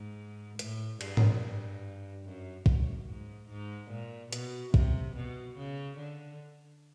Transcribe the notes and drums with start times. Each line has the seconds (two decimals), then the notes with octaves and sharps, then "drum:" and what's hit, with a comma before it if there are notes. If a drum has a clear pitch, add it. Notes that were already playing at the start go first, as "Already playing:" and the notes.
Already playing: G#2
0.59 A2, drum: hi-hat
1.01 G2, drum: cymbal
1.17 drum: tom G#2
2.25 F#2
2.66 F#2, drum: kick
3.07 G#2
3.49 G#2
3.91 A#2
4.33 B2, drum: hi-hat
4.74 C3, drum: kick
5.16 B2
5.57 C#3
5.98 D3